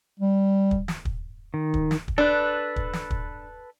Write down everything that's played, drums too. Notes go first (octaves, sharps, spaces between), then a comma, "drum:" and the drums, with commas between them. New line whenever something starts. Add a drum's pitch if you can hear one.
G3
drum: kick
drum: snare
drum: kick
D#3
drum: kick
drum: snare
drum: kick
D4 A4 B4
drum: kick
drum: snare
drum: kick